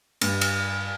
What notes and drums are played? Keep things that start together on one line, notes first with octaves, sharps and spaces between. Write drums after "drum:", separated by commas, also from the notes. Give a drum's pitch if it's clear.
G2, drum: cymbal
drum: cymbal